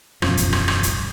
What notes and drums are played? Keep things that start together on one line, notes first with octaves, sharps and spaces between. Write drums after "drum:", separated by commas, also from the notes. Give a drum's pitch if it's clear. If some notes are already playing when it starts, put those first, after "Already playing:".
E1 F#2 F3, drum: rim click
drum: kick, hi-hat
drum: rim click
drum: rim click
drum: kick, hi-hat